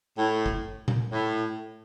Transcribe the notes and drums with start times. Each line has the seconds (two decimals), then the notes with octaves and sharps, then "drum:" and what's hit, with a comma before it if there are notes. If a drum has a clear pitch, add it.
0.18 A2
0.46 drum: kick
0.88 drum: tom A#2
1.12 A2